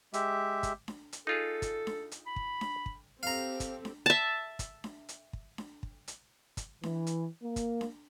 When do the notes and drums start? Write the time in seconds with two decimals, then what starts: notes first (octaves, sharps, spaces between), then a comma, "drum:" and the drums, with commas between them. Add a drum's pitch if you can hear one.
0.14 G#3 G4 E5, drum: hi-hat
0.63 drum: kick, hi-hat
0.88 drum: snare D4
1.13 drum: hi-hat
1.27 D#4 F4 G#4 A4
1.62 drum: kick, hi-hat
1.87 drum: snare D4
2.12 drum: hi-hat
2.26 B5
2.36 drum: kick
2.61 drum: snare D4
2.86 drum: kick
3.23 C4 G4 A4 F5 A#5
3.60 drum: kick, hi-hat
3.85 drum: snare D4
4.06 E5 A5
4.59 drum: kick, hi-hat
4.84 drum: snare D4
5.09 drum: hi-hat
5.33 drum: kick
5.58 drum: snare D4
5.83 drum: kick
6.08 drum: hi-hat
6.57 drum: kick, hi-hat
6.83 E3, drum: snare D4
7.07 drum: hi-hat
7.42 A#3
7.56 drum: kick, hi-hat
7.81 drum: snare D4